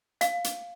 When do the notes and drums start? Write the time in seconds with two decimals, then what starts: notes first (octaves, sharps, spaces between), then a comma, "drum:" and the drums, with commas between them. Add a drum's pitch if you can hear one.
0.21 F5, drum: hi-hat
0.44 drum: hi-hat